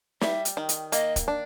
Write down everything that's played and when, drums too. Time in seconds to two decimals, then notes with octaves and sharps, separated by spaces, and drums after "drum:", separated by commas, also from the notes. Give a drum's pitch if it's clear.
0.21 G3 E5, drum: snare
0.45 drum: hi-hat
0.57 D#3
0.69 drum: hi-hat
0.92 A#3 D#5, drum: hi-hat
1.16 drum: kick, hi-hat
1.28 D4